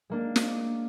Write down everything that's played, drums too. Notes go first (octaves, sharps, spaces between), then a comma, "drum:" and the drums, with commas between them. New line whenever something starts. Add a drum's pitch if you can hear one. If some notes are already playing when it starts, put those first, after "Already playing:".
G#3 A#3 D4
drum: snare